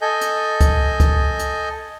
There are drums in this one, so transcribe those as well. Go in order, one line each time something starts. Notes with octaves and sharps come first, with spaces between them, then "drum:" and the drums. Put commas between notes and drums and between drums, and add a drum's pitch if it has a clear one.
A4 D#5 G#5 G6
drum: hi-hat
drum: kick C2, hi-hat
drum: kick C2, hi-hat
drum: hi-hat